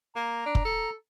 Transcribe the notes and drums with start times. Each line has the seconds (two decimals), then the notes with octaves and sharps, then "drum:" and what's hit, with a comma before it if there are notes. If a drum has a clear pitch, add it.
0.16 A#3 A#5
0.46 D4
0.55 drum: kick
0.65 A4